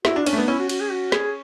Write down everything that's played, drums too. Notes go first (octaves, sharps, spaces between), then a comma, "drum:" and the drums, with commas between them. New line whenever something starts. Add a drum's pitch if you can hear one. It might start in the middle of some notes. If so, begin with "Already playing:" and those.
E4 F#4, drum: snare
D4
C#4 D4, drum: cymbal
A3
B3
C#4 E4
F#4
F#4, drum: cymbal
G#4
F#4
G#4, drum: snare